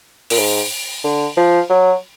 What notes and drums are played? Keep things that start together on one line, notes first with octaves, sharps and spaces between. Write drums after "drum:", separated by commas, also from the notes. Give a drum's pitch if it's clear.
A#2, drum: open hi-hat
G#2
D3
F3
F#3